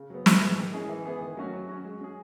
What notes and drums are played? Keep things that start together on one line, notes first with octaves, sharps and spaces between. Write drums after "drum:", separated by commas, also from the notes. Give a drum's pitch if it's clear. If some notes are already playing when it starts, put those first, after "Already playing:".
Already playing: C#3
F#3 B3
A2, drum: snare
E3 G#3
D#3
G#3 C#4 E4 G#4
E3
B3 E4 G#4
D#3
F#3 A3 C#4 F#4
F#3
C#4 F#4
G#3
C#4 G#4